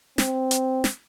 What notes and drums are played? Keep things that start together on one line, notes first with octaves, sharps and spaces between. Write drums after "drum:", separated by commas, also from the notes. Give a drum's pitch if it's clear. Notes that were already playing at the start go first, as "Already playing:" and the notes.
C4, drum: snare
drum: hi-hat
drum: snare